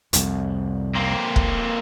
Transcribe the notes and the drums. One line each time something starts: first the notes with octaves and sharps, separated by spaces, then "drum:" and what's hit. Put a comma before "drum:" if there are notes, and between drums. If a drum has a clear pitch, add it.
C2 F2, drum: hi-hat
A#3 C4
drum: kick